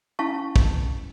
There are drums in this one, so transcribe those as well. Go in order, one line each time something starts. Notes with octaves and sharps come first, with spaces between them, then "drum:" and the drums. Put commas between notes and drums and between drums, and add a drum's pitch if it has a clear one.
C#4 E4 F5 A5 C#6
drum: kick